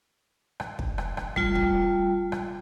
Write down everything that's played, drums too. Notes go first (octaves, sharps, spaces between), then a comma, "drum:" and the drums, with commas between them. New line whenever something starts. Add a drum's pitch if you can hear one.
drum: rim click
drum: kick
drum: rim click
drum: rim click
G3 A3 F4 G5, drum: kick
drum: kick
drum: rim click